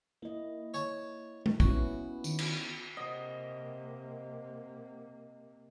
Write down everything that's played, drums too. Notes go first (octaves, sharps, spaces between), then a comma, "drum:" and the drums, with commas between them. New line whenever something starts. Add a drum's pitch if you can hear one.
A#3 E4 D#5
C#5 A5
drum: tom G#3
B3 C#4 E4 F#4, drum: kick
D#3, drum: tambourine
drum: cymbal
C3 A#3 C5 D#5 F#5